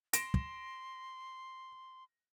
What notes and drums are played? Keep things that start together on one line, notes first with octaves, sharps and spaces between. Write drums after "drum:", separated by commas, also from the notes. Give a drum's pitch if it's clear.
C6 A#6 D7 E7, drum: hi-hat
drum: kick